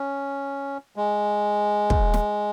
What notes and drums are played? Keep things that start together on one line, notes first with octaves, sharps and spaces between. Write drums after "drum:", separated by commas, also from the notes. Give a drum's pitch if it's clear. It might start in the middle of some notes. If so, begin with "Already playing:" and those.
Already playing: C#4
G#3
drum: kick
drum: snare